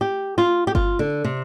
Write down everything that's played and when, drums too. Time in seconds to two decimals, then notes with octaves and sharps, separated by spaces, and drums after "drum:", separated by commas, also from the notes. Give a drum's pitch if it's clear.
0.01 G4
0.38 F4
0.67 G4
0.75 F4, drum: kick G1
0.99 D3
1.24 C3